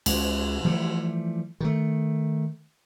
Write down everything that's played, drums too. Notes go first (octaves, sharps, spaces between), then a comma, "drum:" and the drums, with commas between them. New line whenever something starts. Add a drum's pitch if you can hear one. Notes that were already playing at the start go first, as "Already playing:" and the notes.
C#2, drum: cymbal
E3 F3 G3 A3
D#3 A3